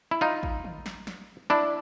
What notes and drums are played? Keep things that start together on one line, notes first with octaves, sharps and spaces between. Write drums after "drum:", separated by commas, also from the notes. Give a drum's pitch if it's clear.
E4
D#4 F4
drum: kick
drum: tom
drum: snare
drum: snare
D4 E4